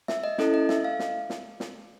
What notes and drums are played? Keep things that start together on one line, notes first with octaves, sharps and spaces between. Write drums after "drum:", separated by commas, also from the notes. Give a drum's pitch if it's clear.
E5, drum: snare
D#5
C#4 E4 A4 D#5, drum: snare
D#5
E5, drum: snare
F5
drum: snare
drum: snare
drum: snare